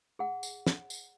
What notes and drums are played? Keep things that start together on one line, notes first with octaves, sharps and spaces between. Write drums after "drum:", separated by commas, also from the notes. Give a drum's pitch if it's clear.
G#4 F#5
drum: tambourine
drum: snare
drum: tambourine